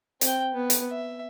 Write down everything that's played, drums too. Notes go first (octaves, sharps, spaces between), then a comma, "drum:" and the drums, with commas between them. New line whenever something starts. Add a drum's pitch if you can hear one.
C4 G5, drum: hi-hat
B3
drum: hi-hat
E5